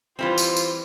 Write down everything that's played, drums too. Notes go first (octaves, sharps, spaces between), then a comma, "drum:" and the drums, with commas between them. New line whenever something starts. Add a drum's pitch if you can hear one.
E3 G3 C4 F4 C5
drum: tambourine
drum: tambourine